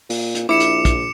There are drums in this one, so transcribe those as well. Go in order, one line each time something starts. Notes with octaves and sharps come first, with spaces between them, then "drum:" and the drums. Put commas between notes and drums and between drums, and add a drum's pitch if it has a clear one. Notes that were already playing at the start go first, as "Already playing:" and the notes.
A#2, drum: open hi-hat
drum: hi-hat
A#1 E4 D6 C#7 E7
drum: hi-hat
drum: kick, hi-hat